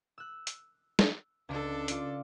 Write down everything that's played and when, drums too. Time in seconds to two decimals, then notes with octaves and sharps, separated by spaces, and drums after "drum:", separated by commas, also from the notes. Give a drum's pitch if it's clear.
0.18 E6 F#6
0.47 drum: hi-hat
0.99 drum: snare
1.49 C#2 D4 A4
1.88 F4 D5, drum: hi-hat